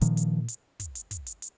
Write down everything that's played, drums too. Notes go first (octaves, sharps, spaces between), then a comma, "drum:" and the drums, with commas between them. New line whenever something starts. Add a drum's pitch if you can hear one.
A#2 D#3 F3, drum: hi-hat
drum: hi-hat
drum: hi-hat
drum: kick, hi-hat
drum: hi-hat
drum: kick, hi-hat
drum: hi-hat
drum: hi-hat